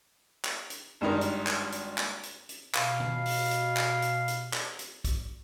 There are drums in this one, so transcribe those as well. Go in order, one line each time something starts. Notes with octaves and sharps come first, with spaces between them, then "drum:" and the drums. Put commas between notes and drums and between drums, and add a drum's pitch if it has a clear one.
drum: clap
drum: hi-hat
G#1 G2 G#3 D4 D#4 A#4
drum: hi-hat
drum: clap
drum: hi-hat
drum: clap
drum: hi-hat
drum: hi-hat
B2 F5, drum: clap
drum: tom
drum: open hi-hat
drum: hi-hat
drum: clap
drum: hi-hat
drum: hi-hat
drum: clap
drum: hi-hat
drum: kick, hi-hat